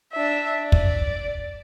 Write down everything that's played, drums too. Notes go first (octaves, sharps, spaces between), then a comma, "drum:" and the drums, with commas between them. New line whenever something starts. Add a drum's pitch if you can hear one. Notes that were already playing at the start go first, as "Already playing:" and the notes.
D4 E5
D5
drum: kick